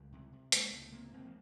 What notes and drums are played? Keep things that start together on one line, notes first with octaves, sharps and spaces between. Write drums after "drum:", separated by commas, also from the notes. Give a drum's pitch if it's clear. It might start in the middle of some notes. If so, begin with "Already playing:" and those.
Already playing: C#2 G3 A3
C3
C3
C3 G#3 A#3, drum: hi-hat
C#2 A3 B3
C3 A#3 C4
C#2 A#3 C4
F3